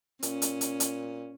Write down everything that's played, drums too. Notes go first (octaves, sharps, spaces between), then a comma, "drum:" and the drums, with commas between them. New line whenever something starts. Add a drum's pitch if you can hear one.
A#2 C#4, drum: hi-hat
drum: hi-hat
drum: hi-hat
drum: hi-hat